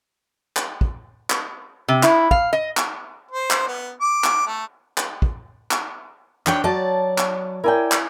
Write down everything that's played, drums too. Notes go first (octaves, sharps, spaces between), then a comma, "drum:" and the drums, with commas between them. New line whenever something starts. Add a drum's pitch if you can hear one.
drum: clap
drum: kick
drum: clap
C3
E4, drum: clap
F5, drum: kick
D#5
drum: clap
C5
drum: clap
B3
D6
drum: clap
A3
drum: clap
drum: kick
drum: clap
D4 C#5 G5, drum: clap
F#3 C#5 D5 A5
drum: clap
E4 A#4 D5 G5 G#5
drum: clap